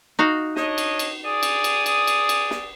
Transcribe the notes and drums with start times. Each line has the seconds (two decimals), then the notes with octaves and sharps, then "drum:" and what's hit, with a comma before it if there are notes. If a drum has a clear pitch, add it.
0.19 D#4 F#4 F5
0.56 D4 C#5 D#5, drum: snare
0.78 drum: cymbal
0.99 drum: cymbal
1.24 G#4 D5 D#6
1.43 drum: cymbal
1.64 drum: cymbal
1.86 drum: cymbal
2.07 drum: cymbal
2.29 drum: cymbal
2.51 drum: snare